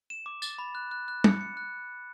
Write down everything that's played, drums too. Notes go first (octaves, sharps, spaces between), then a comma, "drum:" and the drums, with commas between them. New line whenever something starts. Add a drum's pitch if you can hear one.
E7
D6
A6, drum: tambourine
B5
F#6
F#6
F#6
C#7, drum: tom
C#7
F#6